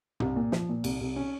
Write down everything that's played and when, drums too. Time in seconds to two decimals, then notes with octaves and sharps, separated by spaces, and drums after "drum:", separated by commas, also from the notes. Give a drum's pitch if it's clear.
0.20 C2, drum: tom
0.36 A#2
0.52 F3, drum: snare
0.69 A#2
0.84 C2, drum: cymbal
1.01 C2
1.16 C#4